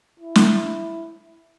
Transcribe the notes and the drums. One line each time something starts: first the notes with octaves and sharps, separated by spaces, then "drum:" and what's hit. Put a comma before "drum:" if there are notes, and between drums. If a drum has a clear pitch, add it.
E4
drum: snare